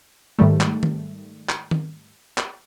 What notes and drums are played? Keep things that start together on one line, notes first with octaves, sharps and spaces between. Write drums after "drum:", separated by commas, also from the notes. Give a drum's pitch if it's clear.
G#2 D#3 G3 A3
drum: clap
drum: tom
drum: clap
drum: tom
drum: clap